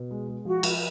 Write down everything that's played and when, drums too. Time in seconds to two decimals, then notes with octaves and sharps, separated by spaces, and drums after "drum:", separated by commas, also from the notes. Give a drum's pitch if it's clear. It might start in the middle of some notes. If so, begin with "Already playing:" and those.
Already playing: B2
0.11 G#3
0.28 G#3
0.45 F3 F#4
0.63 F3, drum: cymbal